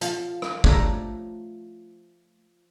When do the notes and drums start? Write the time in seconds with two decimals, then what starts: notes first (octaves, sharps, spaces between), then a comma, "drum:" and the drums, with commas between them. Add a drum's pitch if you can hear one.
0.01 F3 F5 A5, drum: hi-hat
0.42 drum: rim click
0.64 A3 D4 A4 C#5 A#5, drum: kick